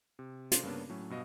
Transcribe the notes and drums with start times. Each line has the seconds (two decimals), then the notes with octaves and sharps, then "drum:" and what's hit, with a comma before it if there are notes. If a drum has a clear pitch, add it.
0.19 C3
0.51 C3 D4 A4 C5 F5 C6, drum: hi-hat
0.63 G2 C#3 A#3 B3 C#4 D4
0.89 A2 F#3 A3 C#4
1.10 G2 B2 D#5 F5